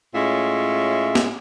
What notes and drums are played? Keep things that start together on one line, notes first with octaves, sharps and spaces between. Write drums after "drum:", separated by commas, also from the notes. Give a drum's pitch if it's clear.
A2 G#3 C#4 F4 E5
drum: snare